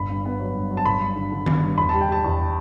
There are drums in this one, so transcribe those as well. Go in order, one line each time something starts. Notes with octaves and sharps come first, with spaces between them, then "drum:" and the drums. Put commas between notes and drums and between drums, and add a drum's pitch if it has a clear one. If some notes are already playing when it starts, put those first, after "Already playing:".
Already playing: G1 B5
G2
B3
F#3
G2
F#3
A5
G1 B5
G2
D3
D3
D3, drum: tom D#3
G2
E2 B5
G3 A5
G5
G3 A5
E2